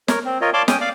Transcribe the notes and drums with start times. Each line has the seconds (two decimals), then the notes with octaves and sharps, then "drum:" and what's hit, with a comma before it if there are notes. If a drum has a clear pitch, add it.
0.08 A#4 C#5, drum: snare
0.25 C4
0.41 F4 A#4 C#5 D#5
0.54 C#5 D5 F5 A5 C6 D6
0.68 C#4 G5 D#6, drum: snare
0.81 D5 F5 D6